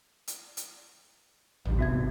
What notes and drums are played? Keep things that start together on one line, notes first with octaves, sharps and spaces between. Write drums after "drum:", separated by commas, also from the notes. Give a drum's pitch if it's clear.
drum: hi-hat
drum: hi-hat
A1 D2 G2, drum: tom
G#2 C3 B3 F#4 E5 G#6